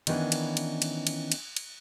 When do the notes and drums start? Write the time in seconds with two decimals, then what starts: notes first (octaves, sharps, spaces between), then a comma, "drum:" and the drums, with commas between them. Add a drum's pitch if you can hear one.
0.07 D#3 E3 G3 B3 C#4 D4, drum: cymbal
0.32 drum: cymbal
0.57 drum: cymbal
0.82 drum: cymbal
1.07 drum: cymbal
1.32 drum: cymbal
1.57 drum: cymbal